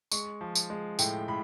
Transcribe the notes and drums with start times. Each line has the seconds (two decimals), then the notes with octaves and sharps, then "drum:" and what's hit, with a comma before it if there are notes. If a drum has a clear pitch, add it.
0.12 G#3 C#6, drum: tambourine
0.41 F3
0.55 drum: tambourine
0.70 G#3
0.99 A2 G5, drum: tambourine
1.28 A2 B5